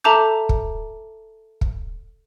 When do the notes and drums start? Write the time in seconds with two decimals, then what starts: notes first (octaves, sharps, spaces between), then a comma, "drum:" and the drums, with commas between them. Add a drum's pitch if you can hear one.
0.04 A4 E5 A5 A#5 D6 G6
0.49 drum: kick
1.61 drum: kick